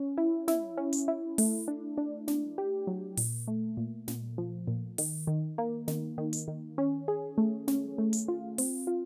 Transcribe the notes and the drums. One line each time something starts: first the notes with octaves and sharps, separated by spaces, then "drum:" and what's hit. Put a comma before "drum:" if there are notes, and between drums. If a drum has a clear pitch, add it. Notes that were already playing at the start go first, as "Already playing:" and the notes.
Already playing: C#4
E4
E4, drum: snare
C#4
drum: hi-hat
E4
A3, drum: open hi-hat
D4
D4
D4, drum: snare
G4
F#3
A#2, drum: open hi-hat
A3
A#2
A#2, drum: snare
F3
A#2
D#3, drum: open hi-hat
D#3
A#3
D#3, drum: snare
D#3
drum: hi-hat
D#3
C#4
G#4
A3
C#4, drum: snare
A3
drum: hi-hat
F4
C4, drum: open hi-hat
F4